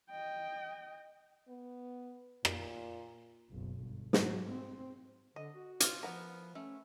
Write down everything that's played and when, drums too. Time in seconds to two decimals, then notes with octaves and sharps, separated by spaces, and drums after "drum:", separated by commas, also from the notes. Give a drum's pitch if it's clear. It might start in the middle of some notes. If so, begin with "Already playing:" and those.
0.10 D#5 G5
1.48 B3
2.45 A#2, drum: rim click
3.50 F#1 B1
3.80 G1
4.13 G#2 F#3, drum: snare
4.50 C4
5.36 D3 D#5
5.55 F#4
5.80 F4, drum: hi-hat
6.03 F3 B3 A#4
6.55 A3 C#4